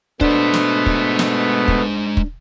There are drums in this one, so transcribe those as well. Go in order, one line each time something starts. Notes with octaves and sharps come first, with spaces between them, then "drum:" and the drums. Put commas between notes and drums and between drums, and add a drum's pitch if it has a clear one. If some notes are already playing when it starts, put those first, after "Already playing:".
B2 G#3 A3 B3 D4 C5, drum: kick
drum: snare
drum: kick
drum: snare
drum: kick
drum: kick